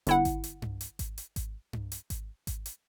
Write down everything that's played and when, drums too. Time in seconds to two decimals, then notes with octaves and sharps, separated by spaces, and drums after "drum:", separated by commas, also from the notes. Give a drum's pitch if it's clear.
0.07 G1 E4 F#5, drum: hi-hat
0.25 drum: kick G#1, hi-hat
0.44 drum: hi-hat
0.62 drum: tom G2
0.81 drum: hi-hat
0.99 drum: kick G#1, hi-hat
1.18 drum: hi-hat
1.36 drum: kick G#1, hi-hat
1.73 drum: tom G2
1.92 drum: hi-hat
2.10 drum: kick G#1, hi-hat
2.47 drum: kick G#1, hi-hat
2.66 drum: hi-hat